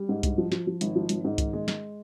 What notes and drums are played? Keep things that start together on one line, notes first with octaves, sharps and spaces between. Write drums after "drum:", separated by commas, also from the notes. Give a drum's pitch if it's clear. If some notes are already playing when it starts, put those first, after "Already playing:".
Already playing: G3
G#2
G2, drum: kick C2, hi-hat
F3
F3, drum: snare
F3
G#1, drum: hi-hat
F3
G#1, drum: hi-hat
G#2
D#3, drum: kick C2, hi-hat
G#3
G#3, drum: snare